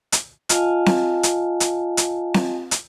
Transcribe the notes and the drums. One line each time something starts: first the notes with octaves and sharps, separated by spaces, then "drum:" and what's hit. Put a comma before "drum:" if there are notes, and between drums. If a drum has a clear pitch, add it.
drum: hi-hat
F4 D#5 F5 G#5 A5, drum: hi-hat
drum: snare C4
drum: hi-hat
drum: hi-hat
drum: hi-hat
drum: snare C4
drum: hi-hat